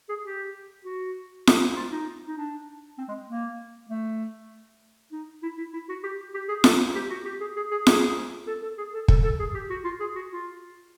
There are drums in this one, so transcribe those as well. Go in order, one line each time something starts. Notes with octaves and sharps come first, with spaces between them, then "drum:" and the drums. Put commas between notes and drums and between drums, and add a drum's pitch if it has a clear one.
G#4
G4
F#4
drum: snare F4
F4
D#4
D#4
D4
C4
G#3
A#3
A3
D#4
E4
E4
E4
F#4
G4
G4
G#4
A4, drum: snare F4
G4
F#4
G4
G#4
G#4
G#4
G#4, drum: snare F4
A4
A4
G#4
A4
A4, drum: kick
A4
G#4
G4
F#4
F4
G#4
F#4
F4